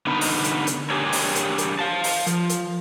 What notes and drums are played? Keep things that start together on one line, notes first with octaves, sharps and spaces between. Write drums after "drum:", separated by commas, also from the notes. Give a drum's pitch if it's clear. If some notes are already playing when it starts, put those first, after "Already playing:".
D3 B3 D#4 A#4 B4 D#5
drum: open hi-hat
drum: hi-hat
drum: hi-hat
D4 G4 G#4 A#4 C#5
drum: open hi-hat
drum: hi-hat
drum: hi-hat
F5 A5
drum: open hi-hat
F3, drum: hi-hat
drum: hi-hat